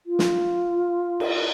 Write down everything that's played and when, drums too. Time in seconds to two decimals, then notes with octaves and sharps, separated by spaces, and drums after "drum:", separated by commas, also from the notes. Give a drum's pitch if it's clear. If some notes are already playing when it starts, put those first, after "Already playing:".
0.06 F4
0.19 drum: snare
1.20 drum: cymbal